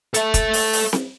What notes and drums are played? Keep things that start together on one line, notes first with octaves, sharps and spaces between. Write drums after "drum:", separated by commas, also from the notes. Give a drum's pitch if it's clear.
A4 E5, drum: hi-hat
drum: kick, hi-hat
drum: open hi-hat
drum: open hi-hat
drum: snare C4